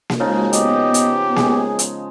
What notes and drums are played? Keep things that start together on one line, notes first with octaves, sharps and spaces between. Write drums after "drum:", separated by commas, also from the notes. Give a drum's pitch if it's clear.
drum: snare A#3
C#3 F3 G#3 A#3 D#4 F#4
B3 G4 D#5, drum: hi-hat
drum: hi-hat
G#3 G#4, drum: snare A#3
drum: hi-hat